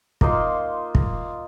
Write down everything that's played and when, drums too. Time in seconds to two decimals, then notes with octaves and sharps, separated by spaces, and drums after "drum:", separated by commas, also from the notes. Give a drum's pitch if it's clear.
0.21 A#3 D#4 F4 C6, drum: kick
0.95 drum: kick